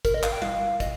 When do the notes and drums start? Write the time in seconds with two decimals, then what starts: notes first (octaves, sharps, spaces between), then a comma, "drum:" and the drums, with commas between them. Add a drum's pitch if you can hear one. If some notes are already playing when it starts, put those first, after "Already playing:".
0.05 A#4, drum: kick, hi-hat
0.14 D#5
0.23 F5, drum: clap
0.32 G5
0.42 F5, drum: tom G3
0.80 D#5, drum: kick, hi-hat